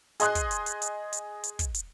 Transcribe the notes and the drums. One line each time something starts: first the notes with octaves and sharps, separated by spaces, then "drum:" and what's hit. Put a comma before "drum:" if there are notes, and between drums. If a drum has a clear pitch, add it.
G#4 D#5 C6 D#6 F#6, drum: hi-hat
drum: kick, hi-hat
drum: hi-hat
drum: hi-hat
drum: hi-hat
drum: hi-hat
drum: hi-hat
drum: kick, hi-hat
drum: hi-hat